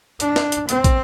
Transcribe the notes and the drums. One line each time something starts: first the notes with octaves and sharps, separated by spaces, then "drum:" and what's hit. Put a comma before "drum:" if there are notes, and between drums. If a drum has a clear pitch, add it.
D4, drum: hi-hat
drum: snare
drum: hi-hat
C4, drum: hi-hat
drum: kick, hi-hat